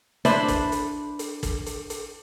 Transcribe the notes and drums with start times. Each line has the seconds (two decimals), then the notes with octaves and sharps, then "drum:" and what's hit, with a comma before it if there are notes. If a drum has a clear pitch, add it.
0.25 D4 E4 B4 C5, drum: hi-hat
0.48 drum: kick, hi-hat
0.72 drum: hi-hat
1.19 drum: hi-hat
1.43 drum: kick, hi-hat
1.66 drum: hi-hat
1.90 drum: hi-hat